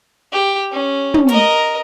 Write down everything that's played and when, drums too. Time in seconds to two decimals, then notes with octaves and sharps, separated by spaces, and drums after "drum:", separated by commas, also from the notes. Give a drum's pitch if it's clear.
0.33 G4
0.72 C#4
1.14 drum: tom
1.28 A#4 D#5, drum: hi-hat